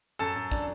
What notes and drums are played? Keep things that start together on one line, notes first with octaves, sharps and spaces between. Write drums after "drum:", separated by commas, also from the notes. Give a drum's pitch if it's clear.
F#2 A4 A5
F#2
D4, drum: kick